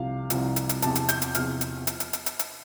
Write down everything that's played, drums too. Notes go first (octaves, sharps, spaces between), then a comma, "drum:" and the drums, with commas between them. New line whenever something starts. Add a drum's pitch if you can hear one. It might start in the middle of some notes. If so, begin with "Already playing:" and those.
Already playing: C2 C3 F3 F5
C2 C3 F3, drum: hi-hat
drum: hi-hat
drum: hi-hat
E2 C3 F3 A5, drum: hi-hat
drum: hi-hat
G6, drum: hi-hat
drum: hi-hat
E2 C3 F3 F6, drum: hi-hat
drum: hi-hat
drum: hi-hat
drum: hi-hat
drum: hi-hat
drum: hi-hat
drum: hi-hat